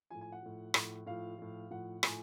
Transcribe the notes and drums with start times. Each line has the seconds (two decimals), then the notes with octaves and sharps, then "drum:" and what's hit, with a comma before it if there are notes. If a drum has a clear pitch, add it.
0.10 A2 F3 G#5
0.21 G#5
0.32 F#5
0.43 A2 F3
0.74 A2 F3, drum: rim click
1.06 A2 F3 F5
1.38 A2 F3
1.70 A2 F3 F#5
2.03 A2 F3 G#5, drum: rim click